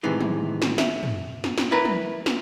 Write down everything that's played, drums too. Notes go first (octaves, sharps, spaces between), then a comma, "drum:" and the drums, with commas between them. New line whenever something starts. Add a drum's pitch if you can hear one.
A2 C3 D#3 E3 G#3
drum: tom
drum: snare
E5, drum: snare
drum: tom
drum: snare
drum: snare
E4 A#4 B4 A#5 B5
drum: tom
drum: snare